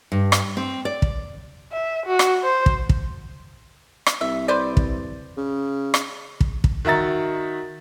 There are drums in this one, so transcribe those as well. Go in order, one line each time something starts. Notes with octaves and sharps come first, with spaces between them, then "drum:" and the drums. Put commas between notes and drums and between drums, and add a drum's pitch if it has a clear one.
G2
drum: rim click
C4
D5
drum: kick
E5
F#4
drum: rim click
C5
drum: kick
drum: kick
drum: rim click
C2 E5
B4 C5 D5
drum: kick
C#3
drum: rim click
drum: kick
drum: kick
D#3 F#4 E5 A#5 A6